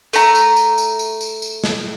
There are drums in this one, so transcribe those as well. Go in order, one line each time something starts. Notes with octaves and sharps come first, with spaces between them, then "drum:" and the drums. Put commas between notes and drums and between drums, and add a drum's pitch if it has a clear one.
A3 A#5, drum: tambourine
drum: tambourine
drum: tambourine
drum: tambourine
drum: tambourine
drum: tambourine
drum: tambourine
drum: snare